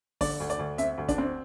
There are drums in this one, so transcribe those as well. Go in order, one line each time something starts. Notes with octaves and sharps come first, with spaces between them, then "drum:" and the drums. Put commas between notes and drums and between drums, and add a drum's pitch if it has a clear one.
D3 D5, drum: kick, open hi-hat
D2
D5, drum: hi-hat
D2
C4 E5, drum: hi-hat
D2
D4, drum: kick, hi-hat
C4